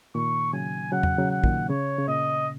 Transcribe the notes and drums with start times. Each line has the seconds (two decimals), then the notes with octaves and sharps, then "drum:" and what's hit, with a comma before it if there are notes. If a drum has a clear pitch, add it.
0.15 A#2 D#3 C#6
0.53 C#3 F#3 G#5
0.92 C#3 F#3 F#5
1.03 drum: tom E2
1.18 C#3 F#3
1.30 F#5
1.44 A#2 D#3, drum: kick
1.69 C#3 C#5
1.99 C#3
2.08 A#2 D#5